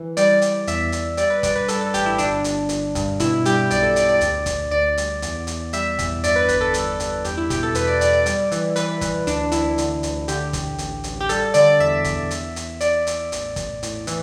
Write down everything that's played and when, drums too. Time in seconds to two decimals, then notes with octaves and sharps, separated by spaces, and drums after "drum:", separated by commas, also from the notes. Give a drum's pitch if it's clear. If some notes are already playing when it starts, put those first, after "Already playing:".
Already playing: E3
0.17 G3 D5, drum: hi-hat
0.42 G3, drum: hi-hat
0.67 E2 E5, drum: hi-hat
0.92 E2, drum: hi-hat
1.17 G3 D5, drum: hi-hat
1.30 B4
1.43 G2 D5, drum: kick, hi-hat
1.56 B4
1.68 G3 A4, drum: hi-hat
1.81 A4
1.94 A1 G4, drum: hi-hat
2.06 E4
2.18 G1 D4, drum: hi-hat
2.44 G1, drum: hi-hat
2.69 G1, drum: hi-hat
2.95 G2, drum: kick, hi-hat
3.20 B2 E4, drum: hi-hat
3.45 G3 G4, drum: hi-hat
3.71 B1 D5, drum: hi-hat
3.83 A4
3.96 B1 D5, drum: hi-hat
4.09 D5
4.21 D2, drum: hi-hat
4.46 D2, drum: kick, hi-hat
4.71 D2 D5
4.97 G3, drum: hi-hat
5.22 E2, drum: hi-hat
5.47 E2, drum: hi-hat
5.73 G3 E5, drum: hi-hat
5.99 E2, drum: kick, hi-hat
6.24 G2 D5, drum: hi-hat
6.36 B4
6.49 G1 B4, drum: hi-hat
6.61 A4
6.74 G1 A4, drum: hi-hat
7.00 G2, drum: hi-hat
7.25 E2 G4, drum: hi-hat
7.37 E4
7.50 B2 G4, drum: kick, hi-hat
7.63 A4
7.75 E2 B4, drum: hi-hat
7.88 D5
8.01 E2 D5, drum: hi-hat
8.13 D5
8.26 G3, drum: hi-hat
8.52 E3, drum: hi-hat
8.76 E3 B4, drum: hi-hat
9.01 E3, drum: kick, hi-hat
9.27 D2 D4, drum: hi-hat
9.52 D2 E4, drum: hi-hat
9.78 D3, drum: hi-hat
10.03 D2, drum: hi-hat
10.28 D3 G4, drum: hi-hat
10.53 A1, drum: kick, hi-hat
10.78 A1, drum: hi-hat
11.04 A1, drum: hi-hat
11.21 G4
11.29 G3 A4, drum: hi-hat
11.54 D3 D5, drum: hi-hat
11.80 E2 E5
12.04 E2, drum: kick, hi-hat
12.31 E2, drum: hi-hat
12.56 E2, drum: hi-hat
12.81 E2 D5, drum: hi-hat
13.07 E2, drum: hi-hat
13.32 A1, drum: hi-hat
13.56 A1, drum: kick, hi-hat
13.83 A2, drum: hi-hat
14.07 E3, drum: hi-hat